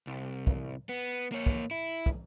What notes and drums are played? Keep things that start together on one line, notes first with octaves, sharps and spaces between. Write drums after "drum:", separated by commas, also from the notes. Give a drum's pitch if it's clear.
C2
drum: kick
B3
A#3 C#5
drum: kick
E4
drum: kick